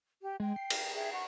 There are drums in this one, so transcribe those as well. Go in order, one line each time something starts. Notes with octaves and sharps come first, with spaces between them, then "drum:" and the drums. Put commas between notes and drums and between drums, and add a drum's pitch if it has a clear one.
G4
G#3 G5
C7
drum: cymbal
G#4 E5 G5
F#5 C#6